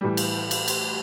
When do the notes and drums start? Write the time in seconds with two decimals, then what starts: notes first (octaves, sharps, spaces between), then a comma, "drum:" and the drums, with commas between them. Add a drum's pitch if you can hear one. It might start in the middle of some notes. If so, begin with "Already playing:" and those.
0.01 A2 E3 G3
0.17 drum: cymbal
0.51 drum: cymbal
0.68 drum: cymbal